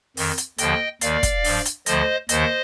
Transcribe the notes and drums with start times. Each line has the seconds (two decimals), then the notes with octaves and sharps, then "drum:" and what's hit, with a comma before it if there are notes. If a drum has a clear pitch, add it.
0.17 F2 D#3, drum: open hi-hat
0.38 drum: hi-hat
0.58 D#2 D3 F3 D#5 G5, drum: hi-hat
1.01 D#2 D#3 D5 F5, drum: hi-hat
1.23 drum: kick, hi-hat
1.44 G2 F3, drum: open hi-hat
1.65 drum: hi-hat
1.86 D2 D3 F3 C5 D#5, drum: hi-hat
2.29 D#2 D#3 C5 D#5, drum: hi-hat